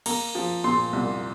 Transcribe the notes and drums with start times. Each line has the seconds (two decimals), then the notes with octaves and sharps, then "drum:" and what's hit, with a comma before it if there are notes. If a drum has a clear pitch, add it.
0.06 A#3 A#5, drum: cymbal
0.35 F3
0.64 A#2 C6
0.93 C2